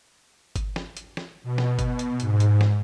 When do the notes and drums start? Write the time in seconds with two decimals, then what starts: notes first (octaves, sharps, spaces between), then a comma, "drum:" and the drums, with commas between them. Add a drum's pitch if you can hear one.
0.56 drum: kick G1, hi-hat
0.76 drum: snare
0.97 drum: hi-hat
1.17 drum: snare
1.43 B2
1.58 drum: snare
1.79 drum: kick G1, hi-hat
1.99 drum: hi-hat
2.20 G#2, drum: hi-hat
2.40 drum: hi-hat
2.61 drum: snare